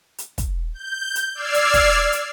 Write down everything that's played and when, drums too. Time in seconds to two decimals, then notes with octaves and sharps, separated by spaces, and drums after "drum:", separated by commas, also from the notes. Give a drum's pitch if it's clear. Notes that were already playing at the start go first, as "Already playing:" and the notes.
0.18 drum: hi-hat
0.38 drum: kick, hi-hat
0.74 G6
1.15 drum: hi-hat
1.35 D5 E6 F6 G#6 C7
1.54 drum: hi-hat
1.74 drum: kick, hi-hat
2.12 drum: hi-hat